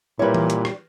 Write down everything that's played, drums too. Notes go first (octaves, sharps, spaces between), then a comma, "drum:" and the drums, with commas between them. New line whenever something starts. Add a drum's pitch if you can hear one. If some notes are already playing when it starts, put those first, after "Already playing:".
A#2 G3 E4 A#4 B4 C#5
drum: tom E3
drum: hi-hat
drum: rim click